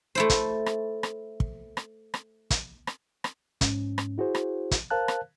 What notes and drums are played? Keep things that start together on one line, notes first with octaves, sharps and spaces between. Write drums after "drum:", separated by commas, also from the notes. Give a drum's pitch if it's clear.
A3 E4 C5
drum: kick, hi-hat
drum: rim click
drum: rim click
drum: kick
drum: rim click
drum: rim click
drum: kick, hi-hat
drum: rim click
drum: rim click
G#2 C#4, drum: kick, hi-hat
drum: rim click
E4 F#4 G#4 C5
drum: rim click
drum: kick, hi-hat
A#4 C5 F5 A5 F#6
drum: rim click